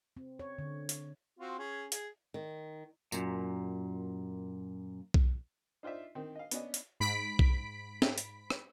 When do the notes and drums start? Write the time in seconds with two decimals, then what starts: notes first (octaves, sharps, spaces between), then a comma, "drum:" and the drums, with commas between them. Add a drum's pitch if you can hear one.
0.17 C4
0.39 C#5
0.59 D3
0.89 drum: hi-hat
1.39 C4 F4 F#4
1.59 C#4 G#4
1.92 G#4, drum: hi-hat
2.34 D#3
3.12 F#2 A#2, drum: tambourine
5.14 drum: kick B1
5.83 D#4 F4 C5 D5 E5
6.15 D#3 C4
6.35 D#5 F5
6.51 B3 C#4 D4 D#5, drum: hi-hat
6.74 drum: hi-hat
7.00 G#2 B5 B6 D7
7.39 drum: kick B1
8.02 drum: snare
8.18 drum: hi-hat
8.50 drum: rim click